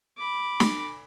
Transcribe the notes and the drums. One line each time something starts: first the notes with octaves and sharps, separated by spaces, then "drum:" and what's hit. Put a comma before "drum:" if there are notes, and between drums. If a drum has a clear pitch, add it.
B5 D6
drum: snare